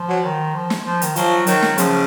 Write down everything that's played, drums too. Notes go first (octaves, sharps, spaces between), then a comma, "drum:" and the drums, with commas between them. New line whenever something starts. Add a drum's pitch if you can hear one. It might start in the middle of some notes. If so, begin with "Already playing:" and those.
Already playing: F3
F#3
D#3
F3
drum: snare
F3
D#3, drum: hi-hat
F3 F#3, drum: hi-hat
D#3 F#3, drum: hi-hat
drum: snare
C#3 F3, drum: hi-hat